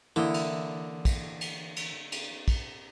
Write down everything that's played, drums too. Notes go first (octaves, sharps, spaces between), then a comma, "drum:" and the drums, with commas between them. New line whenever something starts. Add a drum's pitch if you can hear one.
D3 E3 A#3 E4 C5 C#5 D6 D#6
drum: cymbal
drum: kick, cymbal
drum: cymbal
drum: cymbal
drum: cymbal
drum: kick, cymbal